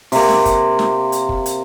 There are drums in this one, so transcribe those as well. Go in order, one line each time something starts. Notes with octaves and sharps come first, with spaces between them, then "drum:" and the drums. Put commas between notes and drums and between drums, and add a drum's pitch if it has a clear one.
C3 A#3, drum: open hi-hat
drum: snare
drum: kick, hi-hat
drum: snare
drum: hi-hat
drum: kick
drum: hi-hat